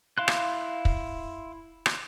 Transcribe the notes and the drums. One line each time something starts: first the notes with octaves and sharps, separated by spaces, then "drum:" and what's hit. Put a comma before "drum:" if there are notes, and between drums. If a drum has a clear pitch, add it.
E4 F5 C6 F#6
drum: rim click
drum: kick
drum: rim click